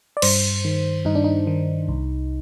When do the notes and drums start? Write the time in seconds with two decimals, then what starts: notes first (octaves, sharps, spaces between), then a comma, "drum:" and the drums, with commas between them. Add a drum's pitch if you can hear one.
0.17 D5
0.22 G2 C5, drum: cymbal
0.65 D#3
1.05 G2 D#4
1.15 D4
1.24 D#4
1.47 D#3
1.88 C2